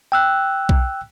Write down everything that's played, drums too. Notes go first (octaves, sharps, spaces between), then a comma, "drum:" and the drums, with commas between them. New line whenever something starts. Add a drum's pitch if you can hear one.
G5 E6 F#6
drum: kick B1